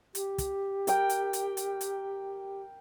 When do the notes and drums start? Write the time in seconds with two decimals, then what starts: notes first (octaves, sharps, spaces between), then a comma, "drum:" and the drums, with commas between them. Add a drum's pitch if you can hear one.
0.15 G4, drum: hi-hat
0.38 drum: kick, hi-hat
0.87 A#4 G5, drum: hi-hat
1.09 drum: hi-hat
1.33 drum: hi-hat
1.57 drum: hi-hat
1.81 drum: hi-hat